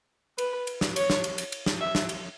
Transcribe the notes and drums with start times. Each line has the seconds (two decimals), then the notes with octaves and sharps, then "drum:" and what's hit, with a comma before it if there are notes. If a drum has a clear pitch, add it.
0.38 B4, drum: cymbal
0.67 drum: cymbal
0.81 drum: snare
0.96 C#5, drum: cymbal
1.10 drum: snare
1.24 drum: cymbal
1.38 drum: cymbal
1.52 drum: cymbal
1.66 drum: snare
1.80 E5
1.95 drum: snare
2.09 drum: cymbal